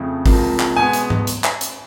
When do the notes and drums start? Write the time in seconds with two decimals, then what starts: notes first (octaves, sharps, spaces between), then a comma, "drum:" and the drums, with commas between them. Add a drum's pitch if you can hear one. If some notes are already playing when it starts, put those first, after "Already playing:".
Already playing: F2 C#3 A3
0.26 C#2 C3 F3 A#3, drum: kick, open hi-hat
0.60 drum: clap
0.76 B2 G#3 B3 G#5
0.93 drum: hi-hat
1.10 drum: tom G#2
1.27 drum: hi-hat
1.44 drum: clap
1.61 drum: hi-hat